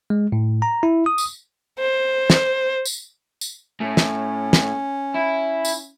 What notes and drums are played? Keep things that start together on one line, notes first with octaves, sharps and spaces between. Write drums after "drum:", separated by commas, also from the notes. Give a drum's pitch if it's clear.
G#3
A2
A#5
E4
D#6
drum: tambourine
C5
drum: snare
drum: tambourine
drum: tambourine
A2 C#4
drum: snare
drum: snare
E4
drum: tambourine